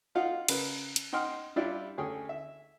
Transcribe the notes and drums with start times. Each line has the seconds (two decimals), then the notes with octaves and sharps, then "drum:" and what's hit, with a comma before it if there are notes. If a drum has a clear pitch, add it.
0.15 D#4 F4 F5 F#5
0.48 C#3 A#4 B4, drum: cymbal
0.96 drum: hi-hat
1.13 D#4 F#5 G5 C6 F6
1.56 G3 D4 E4 F4 G4 D5
1.98 D2 C#4 G#4 G5
2.29 E5